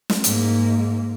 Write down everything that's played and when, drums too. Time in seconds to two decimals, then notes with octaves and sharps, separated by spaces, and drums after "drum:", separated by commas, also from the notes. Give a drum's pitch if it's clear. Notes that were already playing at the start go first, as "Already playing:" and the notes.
0.09 drum: snare
0.24 G#2 A#3, drum: hi-hat